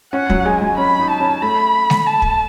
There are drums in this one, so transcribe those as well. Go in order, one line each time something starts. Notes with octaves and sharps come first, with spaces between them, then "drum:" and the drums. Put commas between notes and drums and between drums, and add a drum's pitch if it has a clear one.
C#4 F#5
F#3, drum: kick
G#3 G#5
F#3
C#4 B5
D#4
A5
C#4
A3 B5
drum: snare
A5
drum: kick